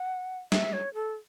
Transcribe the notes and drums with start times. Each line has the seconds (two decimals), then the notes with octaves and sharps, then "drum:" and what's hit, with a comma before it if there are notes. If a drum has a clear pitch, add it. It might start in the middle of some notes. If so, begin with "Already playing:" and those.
Already playing: F#5
0.52 E5, drum: snare
0.73 C#5
0.94 A4